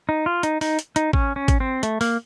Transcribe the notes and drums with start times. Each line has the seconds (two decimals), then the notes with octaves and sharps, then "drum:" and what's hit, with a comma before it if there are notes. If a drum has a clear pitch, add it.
0.09 D#4
0.26 F4
0.43 D#4, drum: hi-hat
0.61 D#4, drum: open hi-hat
0.79 drum: hi-hat
0.96 D#4, drum: hi-hat
1.13 C#4, drum: kick
1.36 C#4
1.48 drum: kick, hi-hat
1.60 C4
1.83 A3, drum: hi-hat
2.01 A#3, drum: open hi-hat